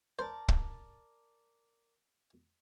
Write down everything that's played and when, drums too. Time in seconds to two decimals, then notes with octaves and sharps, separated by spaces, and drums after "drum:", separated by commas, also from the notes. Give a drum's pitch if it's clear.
0.19 A#4 C5 D5 A5
0.48 drum: kick